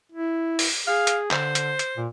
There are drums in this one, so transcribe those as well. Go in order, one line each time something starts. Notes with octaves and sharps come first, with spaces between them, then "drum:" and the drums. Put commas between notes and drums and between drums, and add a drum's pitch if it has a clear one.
E4
drum: open hi-hat
G#4 F5
drum: hi-hat
D3 C5, drum: clap
drum: hi-hat
drum: hi-hat
A#2